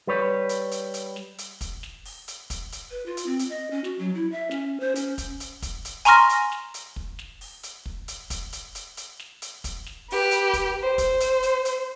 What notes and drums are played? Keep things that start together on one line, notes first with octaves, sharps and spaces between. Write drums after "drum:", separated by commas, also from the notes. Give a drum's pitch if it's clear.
G3 B4 C#5
drum: hi-hat
drum: hi-hat
drum: hi-hat
drum: snare
drum: hi-hat
drum: kick, hi-hat
drum: snare
drum: open hi-hat
drum: hi-hat
drum: kick, hi-hat
drum: hi-hat
B4
F4
drum: hi-hat
C4
drum: hi-hat
D#5
C#4
F#4, drum: snare
F#3
E4
E5
C#4, drum: snare
C5
C#4, drum: hi-hat
drum: kick, hi-hat
drum: hi-hat
drum: kick, hi-hat
drum: hi-hat
G#5 A#5 C6 C#6 F6 A#6, drum: hi-hat
drum: hi-hat
drum: snare
drum: hi-hat
drum: kick
drum: snare
drum: open hi-hat
drum: hi-hat
drum: kick
drum: hi-hat
drum: kick, hi-hat
drum: hi-hat
drum: hi-hat
drum: hi-hat
drum: snare
drum: hi-hat
drum: kick, hi-hat
drum: snare
G4 B4, drum: open hi-hat
drum: hi-hat
drum: kick, hi-hat
C5
drum: kick, hi-hat
drum: hi-hat
drum: hi-hat
drum: hi-hat